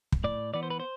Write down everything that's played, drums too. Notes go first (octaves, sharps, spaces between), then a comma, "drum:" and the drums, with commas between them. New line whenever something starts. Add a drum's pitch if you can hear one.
drum: kick
A2 D5
E3 B3 D5
C5
B4
C5